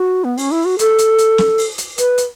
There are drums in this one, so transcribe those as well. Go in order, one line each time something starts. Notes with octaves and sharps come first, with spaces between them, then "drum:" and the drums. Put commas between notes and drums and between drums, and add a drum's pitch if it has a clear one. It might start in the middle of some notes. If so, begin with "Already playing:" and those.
Already playing: F#4
B3
C#4, drum: open hi-hat
E4
F#4
A4, drum: hi-hat
drum: hi-hat
drum: hi-hat
drum: snare
drum: open hi-hat
drum: hi-hat
B4, drum: hi-hat
drum: hi-hat